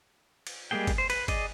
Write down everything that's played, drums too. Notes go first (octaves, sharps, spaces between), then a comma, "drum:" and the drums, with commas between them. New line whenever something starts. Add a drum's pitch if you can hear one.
drum: cymbal
G3 G#3 A#3 G#4 G5
drum: kick, cymbal
C5
B4, drum: cymbal
G#4 D5 D#5, drum: kick, cymbal